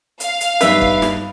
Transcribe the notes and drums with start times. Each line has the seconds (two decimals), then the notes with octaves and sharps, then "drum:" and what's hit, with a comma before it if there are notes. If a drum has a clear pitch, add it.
0.20 F5, drum: hi-hat
0.41 drum: hi-hat
0.61 G2 B3 D#4 B4 E5, drum: hi-hat
0.82 drum: kick
1.02 drum: snare